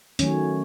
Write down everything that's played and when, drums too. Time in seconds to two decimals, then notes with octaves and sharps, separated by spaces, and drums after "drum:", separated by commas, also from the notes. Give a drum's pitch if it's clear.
0.19 D#3 F#3 A3 C#4, drum: hi-hat